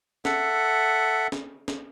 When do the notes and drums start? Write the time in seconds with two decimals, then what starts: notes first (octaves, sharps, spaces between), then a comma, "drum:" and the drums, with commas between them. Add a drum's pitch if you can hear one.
0.25 A4 E5 F#5, drum: snare
1.32 drum: snare
1.68 drum: snare